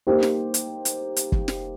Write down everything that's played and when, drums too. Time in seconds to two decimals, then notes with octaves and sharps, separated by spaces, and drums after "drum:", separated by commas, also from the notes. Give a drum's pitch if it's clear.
0.07 A#3 D#4 G4 C5
0.23 drum: snare
0.54 drum: hi-hat
0.85 drum: hi-hat
1.16 drum: hi-hat
1.32 drum: kick
1.48 drum: snare